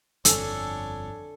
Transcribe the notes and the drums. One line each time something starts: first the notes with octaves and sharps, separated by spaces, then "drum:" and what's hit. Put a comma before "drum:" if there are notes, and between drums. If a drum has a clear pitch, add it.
G1 F2 D4 A4 C#5 G#5, drum: hi-hat